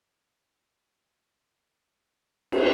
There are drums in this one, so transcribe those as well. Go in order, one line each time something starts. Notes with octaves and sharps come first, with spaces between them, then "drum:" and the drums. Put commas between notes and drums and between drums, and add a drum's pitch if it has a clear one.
B4 D5
F2 B3
D3 C#4
D2
B3
E3 E4
drum: cymbal